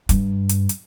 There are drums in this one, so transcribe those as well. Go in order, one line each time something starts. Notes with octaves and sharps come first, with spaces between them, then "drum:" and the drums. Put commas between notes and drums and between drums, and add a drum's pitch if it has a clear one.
G2, drum: kick F1, hi-hat
drum: hi-hat
drum: hi-hat